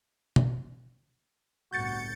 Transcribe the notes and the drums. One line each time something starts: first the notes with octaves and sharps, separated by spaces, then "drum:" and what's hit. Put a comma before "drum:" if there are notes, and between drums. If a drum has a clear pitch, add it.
drum: tom B2
G1 C2 A2 F#4 G6 A6 C#7